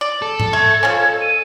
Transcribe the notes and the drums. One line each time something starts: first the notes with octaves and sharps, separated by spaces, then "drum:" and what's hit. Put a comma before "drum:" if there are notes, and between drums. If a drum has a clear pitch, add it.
D5
A4
drum: tom G#2
A3 G#6
F3 G#3 C#4
D#7